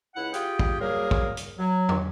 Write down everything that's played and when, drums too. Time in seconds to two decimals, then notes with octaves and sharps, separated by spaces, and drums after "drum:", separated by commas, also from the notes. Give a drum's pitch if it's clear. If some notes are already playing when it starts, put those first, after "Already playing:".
0.15 C#2 E4 F#5
0.34 F4 G4 G#4 G5, drum: hi-hat
0.59 drum: kick
0.80 F#3 G3 A#3 G#4 A#4
1.11 drum: kick
1.37 drum: hi-hat
1.58 F#3
1.89 drum: tom E2